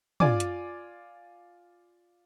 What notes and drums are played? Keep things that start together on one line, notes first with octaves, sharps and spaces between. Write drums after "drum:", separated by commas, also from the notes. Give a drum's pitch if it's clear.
F4 D5 G#5 D6, drum: tom
drum: hi-hat